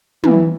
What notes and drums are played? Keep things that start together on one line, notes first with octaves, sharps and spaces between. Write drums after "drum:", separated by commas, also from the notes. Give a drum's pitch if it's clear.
E3, drum: tom